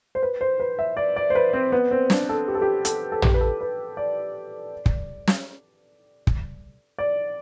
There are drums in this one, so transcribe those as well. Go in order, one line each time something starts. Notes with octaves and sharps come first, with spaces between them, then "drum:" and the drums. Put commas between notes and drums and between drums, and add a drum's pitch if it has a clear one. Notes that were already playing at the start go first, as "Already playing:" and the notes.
C5
B4
C5
B4
E5
D5
D5
C5
B4
C4
B3
C4
D4, drum: snare
A4
G4
A4
G4
A4, drum: hi-hat
A4
G4, drum: tom
B4
A4
B4
D5
drum: kick
drum: snare
drum: kick
D5